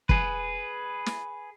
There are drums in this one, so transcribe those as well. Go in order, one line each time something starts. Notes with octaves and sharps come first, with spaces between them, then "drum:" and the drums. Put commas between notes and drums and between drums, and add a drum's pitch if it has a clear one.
G#4 B4, drum: kick
drum: snare